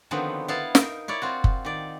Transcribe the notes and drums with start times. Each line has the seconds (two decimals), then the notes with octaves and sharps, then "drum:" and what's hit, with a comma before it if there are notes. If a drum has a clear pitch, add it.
0.11 D3 D#3 F3 F#3 B3 C4
0.48 B3 E4 F5 A5
0.75 D#4 A#4 G5, drum: snare
1.08 E4 C#5 D5
1.22 C4 F4 F#4
1.44 drum: kick F#1
1.65 D#3 D5